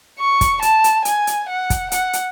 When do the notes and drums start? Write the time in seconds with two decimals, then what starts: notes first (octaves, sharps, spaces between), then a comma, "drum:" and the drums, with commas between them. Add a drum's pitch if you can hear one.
0.19 C#6
0.41 drum: kick, hi-hat
0.62 A5, drum: hi-hat
0.84 drum: hi-hat
1.05 G#5, drum: hi-hat
1.27 drum: hi-hat
1.49 F#5
1.70 drum: kick, hi-hat
1.92 F#5, drum: hi-hat
2.13 drum: hi-hat